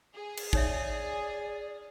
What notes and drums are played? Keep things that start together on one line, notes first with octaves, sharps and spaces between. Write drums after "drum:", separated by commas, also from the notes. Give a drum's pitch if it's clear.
G#4
drum: cymbal
D#4 C#5 D5 E5, drum: kick